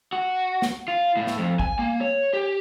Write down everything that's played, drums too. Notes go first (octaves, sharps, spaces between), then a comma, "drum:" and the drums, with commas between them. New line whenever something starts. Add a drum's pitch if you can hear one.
F#4
drum: snare
F4
A2
drum: snare
F2
G#5, drum: kick
A#3
C#5
G4